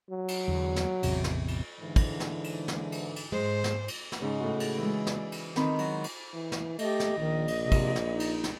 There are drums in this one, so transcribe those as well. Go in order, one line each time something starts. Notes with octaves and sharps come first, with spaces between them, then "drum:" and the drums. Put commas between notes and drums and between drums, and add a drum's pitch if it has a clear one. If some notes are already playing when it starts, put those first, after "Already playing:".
F#3
drum: cymbal
E2 D3
drum: snare
A1 E2 C3, drum: cymbal
drum: snare
drum: cymbal
G#2 D3 E3
drum: kick, cymbal
drum: snare
drum: cymbal
drum: snare
drum: cymbal
drum: cymbal
G#2 G#3 C5
drum: snare
drum: cymbal
drum: snare
G#2 C#3
A2 F#4
drum: cymbal
E3 G#3
D5, drum: snare
drum: cymbal
D#3 C4 B5, drum: snare
F#3, drum: cymbal
drum: cymbal
E3
drum: snare
A3 G4 D#5, drum: cymbal
drum: snare
A#1 D#3
drum: cymbal
C3
drum: kick, cymbal
drum: snare
D#4
drum: cymbal
drum: snare